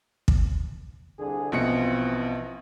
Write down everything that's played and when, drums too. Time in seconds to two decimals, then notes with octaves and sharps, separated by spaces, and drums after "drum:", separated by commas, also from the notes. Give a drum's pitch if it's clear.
0.28 drum: kick
1.19 C2 D3 G#4
1.52 A#1 B2 E3 C4 F4 C#7